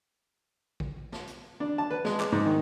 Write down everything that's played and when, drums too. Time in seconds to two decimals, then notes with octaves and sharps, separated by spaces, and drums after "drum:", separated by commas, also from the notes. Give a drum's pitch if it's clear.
0.80 drum: kick
1.12 drum: snare
1.27 drum: hi-hat
1.60 D4
1.78 A5
1.91 B4
2.05 G#3, drum: snare
2.20 D6, drum: clap
2.32 G#2
2.46 D#3